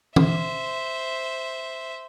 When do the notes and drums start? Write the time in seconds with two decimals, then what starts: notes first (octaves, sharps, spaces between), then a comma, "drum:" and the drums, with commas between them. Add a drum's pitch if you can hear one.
0.16 C5 E5, drum: tom E3